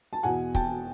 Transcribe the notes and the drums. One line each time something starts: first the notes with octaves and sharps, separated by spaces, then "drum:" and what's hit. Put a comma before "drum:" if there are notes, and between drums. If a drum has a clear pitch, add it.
A5
E2 B2 F#5 G#5
G5 A5, drum: kick